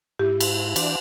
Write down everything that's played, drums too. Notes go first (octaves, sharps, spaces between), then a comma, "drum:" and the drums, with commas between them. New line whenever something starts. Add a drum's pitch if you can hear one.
G#2 E4 G4
drum: cymbal
E3 D4 D5, drum: cymbal